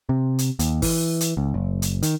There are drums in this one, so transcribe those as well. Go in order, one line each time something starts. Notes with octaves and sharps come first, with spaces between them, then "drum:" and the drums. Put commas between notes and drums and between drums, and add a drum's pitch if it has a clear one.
C3
drum: hi-hat
D#2, drum: hi-hat
E3, drum: kick, open hi-hat
drum: hi-hat
C#2
F#1
drum: hi-hat
D#3, drum: hi-hat